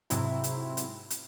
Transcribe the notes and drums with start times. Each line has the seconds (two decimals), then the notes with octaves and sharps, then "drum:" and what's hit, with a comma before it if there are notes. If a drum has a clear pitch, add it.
0.10 G#2 C3 F#3 C4 E4, drum: hi-hat
0.44 drum: hi-hat
0.77 drum: hi-hat
1.10 drum: hi-hat